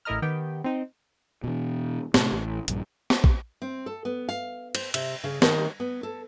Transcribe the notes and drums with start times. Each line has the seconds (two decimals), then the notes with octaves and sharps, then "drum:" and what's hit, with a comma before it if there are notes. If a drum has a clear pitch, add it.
0.05 A1 E4 A#4 D#5 A#5 F6
0.22 D#3 B3 G4 G5
0.64 C4 D#4
1.44 B2 E3
2.14 A2 C3 A3, drum: snare
2.32 A1
2.68 A#1 G2, drum: hi-hat
3.10 drum: snare
3.24 drum: kick A#1
3.62 C4
3.86 A4
4.05 B3
4.29 F5
4.75 C5, drum: cymbal
4.94 C3, drum: cymbal
5.24 C#3
5.42 D#3, drum: snare
5.80 B3
6.03 A4